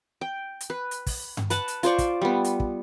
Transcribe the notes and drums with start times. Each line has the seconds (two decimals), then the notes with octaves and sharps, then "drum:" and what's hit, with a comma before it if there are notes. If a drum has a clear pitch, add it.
0.21 G5
0.61 drum: hi-hat
0.70 B4
0.91 drum: hi-hat
1.07 drum: kick, open hi-hat
1.37 drum: tom G2
1.50 B4 F#5 A5, drum: hi-hat
1.68 drum: hi-hat
1.83 F4 C5 D5 C#6, drum: hi-hat
1.98 drum: kick, hi-hat
2.22 G3 B3
2.44 drum: hi-hat
2.60 drum: kick